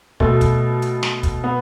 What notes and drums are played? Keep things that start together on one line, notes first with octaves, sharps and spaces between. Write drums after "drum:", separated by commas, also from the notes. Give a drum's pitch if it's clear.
B2 A3, drum: kick
drum: kick, hi-hat
drum: hi-hat
drum: snare
drum: kick, hi-hat
B3